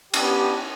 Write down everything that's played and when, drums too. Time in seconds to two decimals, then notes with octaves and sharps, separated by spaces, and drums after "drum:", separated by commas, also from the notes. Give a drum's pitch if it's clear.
0.14 B3 D4 G4, drum: cymbal